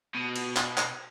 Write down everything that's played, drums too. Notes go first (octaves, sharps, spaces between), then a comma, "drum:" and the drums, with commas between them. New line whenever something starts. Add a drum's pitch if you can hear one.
B2
drum: cymbal
drum: clap
drum: clap